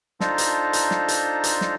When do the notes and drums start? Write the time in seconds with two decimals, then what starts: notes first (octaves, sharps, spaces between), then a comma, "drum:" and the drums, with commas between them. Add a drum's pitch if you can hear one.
0.20 D4 D#4 F4 A4 C5 A#5, drum: snare
0.38 drum: hi-hat
0.73 drum: hi-hat
0.91 drum: snare
1.08 drum: hi-hat
1.44 drum: hi-hat
1.61 drum: snare